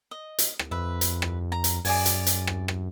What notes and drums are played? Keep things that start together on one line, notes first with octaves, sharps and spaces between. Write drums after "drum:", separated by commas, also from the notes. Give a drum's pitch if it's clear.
D#5
drum: hi-hat
drum: rim click
F2 B4 E5
drum: hi-hat
drum: rim click
A#5
drum: hi-hat
F#2 G#4 D5 G#5, drum: open hi-hat
drum: hi-hat
drum: hi-hat
drum: rim click
drum: rim click